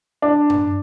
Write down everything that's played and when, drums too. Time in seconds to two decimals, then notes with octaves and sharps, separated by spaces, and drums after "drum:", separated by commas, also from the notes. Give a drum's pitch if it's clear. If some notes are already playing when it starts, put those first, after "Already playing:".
0.22 D4
0.50 drum: tom G2